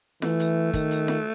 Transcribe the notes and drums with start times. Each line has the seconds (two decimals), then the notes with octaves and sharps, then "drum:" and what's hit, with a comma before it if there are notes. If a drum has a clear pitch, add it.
0.22 E3 A3, drum: snare F4
0.40 drum: hi-hat
0.73 D#3, drum: kick, hi-hat
0.91 drum: hi-hat
1.08 drum: snare F4